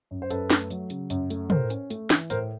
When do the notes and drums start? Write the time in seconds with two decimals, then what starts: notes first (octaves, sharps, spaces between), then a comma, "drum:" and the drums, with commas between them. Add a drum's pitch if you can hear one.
0.11 F#2
0.22 C5
0.30 F#2 A4 B4, drum: hi-hat
0.50 A3, drum: snare
0.70 F#3, drum: hi-hat
0.90 C#3, drum: hi-hat
1.10 F#2, drum: hi-hat
1.30 A3, drum: hi-hat
1.50 A2 A#4 C5, drum: tom
1.70 C#4, drum: hi-hat
1.90 A3, drum: hi-hat
2.10 E3, drum: snare
2.30 A2 A#4 C5, drum: hi-hat